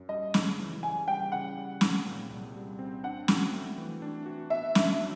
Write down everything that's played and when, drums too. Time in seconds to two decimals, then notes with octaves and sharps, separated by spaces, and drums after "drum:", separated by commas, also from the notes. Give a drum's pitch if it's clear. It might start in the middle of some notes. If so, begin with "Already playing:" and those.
Already playing: F#2
0.09 G3 D#5
0.34 C#3, drum: snare
0.59 E3
0.83 C#3 G#5
1.08 G3 G5
1.32 C#3 F#5
1.57 G3
1.81 C4, drum: snare
2.06 A#2
2.30 C2
2.55 G3
2.79 C4
3.03 D4 F#5
3.28 F#4, drum: snare
3.53 A3
3.78 E3
4.02 D4
4.26 F#4
4.50 B3 E5
4.75 D4, drum: snare
5.00 F#3